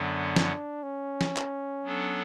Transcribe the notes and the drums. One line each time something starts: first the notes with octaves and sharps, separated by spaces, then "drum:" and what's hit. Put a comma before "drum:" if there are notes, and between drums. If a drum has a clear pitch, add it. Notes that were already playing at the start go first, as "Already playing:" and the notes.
Already playing: F#2 D3 F#3 B3 D4
drum: snare
C#4
drum: snare
drum: clap
F#3 B3 D4 A4